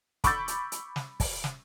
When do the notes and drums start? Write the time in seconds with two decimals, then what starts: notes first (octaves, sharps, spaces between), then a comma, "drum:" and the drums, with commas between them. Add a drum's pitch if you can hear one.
0.24 B5 C#6 D6 E6 G6 A6, drum: kick, hi-hat
0.48 drum: hi-hat
0.72 drum: hi-hat
0.96 drum: snare
1.20 drum: kick, open hi-hat
1.44 drum: snare